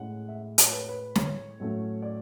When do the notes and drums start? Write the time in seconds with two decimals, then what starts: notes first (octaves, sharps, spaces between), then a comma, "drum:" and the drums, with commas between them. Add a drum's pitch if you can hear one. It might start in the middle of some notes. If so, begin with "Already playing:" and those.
Already playing: A2 G#3 C#4 F#5
0.28 E5
0.58 C#5, drum: hi-hat
0.73 B4
0.80 C#5
0.89 B4
1.15 C#5, drum: snare
1.60 A2 F#3 A3 C#4
2.02 D5